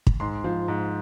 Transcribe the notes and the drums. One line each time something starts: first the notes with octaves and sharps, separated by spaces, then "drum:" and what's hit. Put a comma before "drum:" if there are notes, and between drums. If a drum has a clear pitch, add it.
drum: kick
G#2 C6
F3
G#2